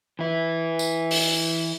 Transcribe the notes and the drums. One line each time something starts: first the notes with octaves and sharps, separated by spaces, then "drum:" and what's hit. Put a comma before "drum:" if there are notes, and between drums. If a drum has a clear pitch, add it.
E3 E4
drum: tambourine
drum: open hi-hat